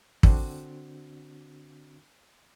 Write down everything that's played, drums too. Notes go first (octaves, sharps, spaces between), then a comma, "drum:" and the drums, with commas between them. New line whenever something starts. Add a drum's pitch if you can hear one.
D3 C4 D4 F#4, drum: kick